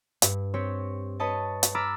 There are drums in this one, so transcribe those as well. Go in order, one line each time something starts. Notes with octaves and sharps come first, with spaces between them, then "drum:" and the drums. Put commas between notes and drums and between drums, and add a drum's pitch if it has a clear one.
G2, drum: hi-hat
C4 G4 C#5
B4 C#5 D#5 A5
drum: hi-hat
A#5 B5 D6 E6 F6 A6